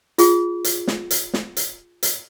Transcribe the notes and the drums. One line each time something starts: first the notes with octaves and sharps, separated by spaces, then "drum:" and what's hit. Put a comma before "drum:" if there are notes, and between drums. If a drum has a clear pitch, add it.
F4 G#4, drum: hi-hat
drum: hi-hat
drum: snare
drum: hi-hat
drum: snare
drum: hi-hat
drum: hi-hat